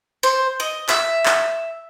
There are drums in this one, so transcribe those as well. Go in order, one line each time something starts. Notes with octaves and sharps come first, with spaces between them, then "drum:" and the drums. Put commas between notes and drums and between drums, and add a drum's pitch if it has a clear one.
C5
D#5
E5, drum: clap
drum: clap